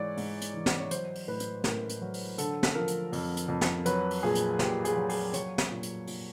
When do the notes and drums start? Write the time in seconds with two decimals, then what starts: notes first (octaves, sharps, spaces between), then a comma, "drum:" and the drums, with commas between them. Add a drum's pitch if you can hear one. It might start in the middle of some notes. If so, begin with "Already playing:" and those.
Already playing: G#2 E3 C#5 D5
0.17 G#2, drum: open hi-hat
0.41 drum: hi-hat
0.54 E3
0.66 drum: snare
0.80 C#5
0.91 F#3 C5, drum: hi-hat
1.15 drum: open hi-hat
1.27 A2 B4
1.40 drum: hi-hat
1.64 A2 A#4, drum: snare
1.89 drum: hi-hat
2.01 F#3
2.14 drum: open hi-hat
2.38 D3 A4, drum: hi-hat
2.63 drum: snare
2.75 F3 A#4
2.87 drum: hi-hat
3.13 F2, drum: open hi-hat
3.37 drum: hi-hat
3.48 F2
3.61 drum: snare
3.86 F#3 B4, drum: hi-hat
4.11 drum: open hi-hat
4.23 A#2 G#4
4.35 drum: hi-hat
4.59 A#2 G4, drum: snare
4.85 G#4, drum: hi-hat
4.96 F#3
5.09 G#4, drum: open hi-hat
5.34 F#3 C#5, drum: hi-hat
5.58 drum: snare
5.71 A#2
5.83 drum: hi-hat
6.07 A#2, drum: open hi-hat